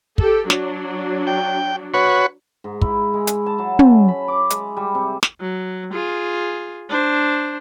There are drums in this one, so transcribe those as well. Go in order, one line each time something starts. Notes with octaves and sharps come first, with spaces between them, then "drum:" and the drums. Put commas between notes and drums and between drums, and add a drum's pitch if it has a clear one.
G4 A4, drum: kick
F#3 D4, drum: snare
G5
F#4 B4 C#5
G#2
E4, drum: kick
G#3
drum: hi-hat
A5
F#3
C#4, drum: tom
B5
D6
G#3, drum: hi-hat
G3
C3
drum: snare
F#3
F4 G#4
D4 C5